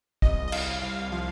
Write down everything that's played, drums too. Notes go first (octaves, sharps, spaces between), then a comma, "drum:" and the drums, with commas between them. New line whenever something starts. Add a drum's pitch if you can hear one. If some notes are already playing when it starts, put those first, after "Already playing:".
C2 D#5, drum: kick
D#5
C2 F5, drum: cymbal
C2 F5
F3 F5